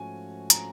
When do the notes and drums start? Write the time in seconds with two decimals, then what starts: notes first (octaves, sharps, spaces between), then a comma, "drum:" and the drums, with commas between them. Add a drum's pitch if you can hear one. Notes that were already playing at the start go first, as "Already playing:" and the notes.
Already playing: G#2 F3 A3 C#4 F#4 G#5
0.50 A#5, drum: hi-hat